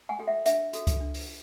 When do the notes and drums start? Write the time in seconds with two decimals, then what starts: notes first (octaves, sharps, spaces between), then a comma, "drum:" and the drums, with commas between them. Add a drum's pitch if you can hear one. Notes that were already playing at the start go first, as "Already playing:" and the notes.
0.09 F#5 G#5
0.19 F#4 A4 G5
0.27 E5 F#5
0.46 D4 E5 F#5, drum: hi-hat
0.73 F#4 A4, drum: hi-hat
0.87 drum: kick C#2, hi-hat
1.01 D4
1.14 drum: open hi-hat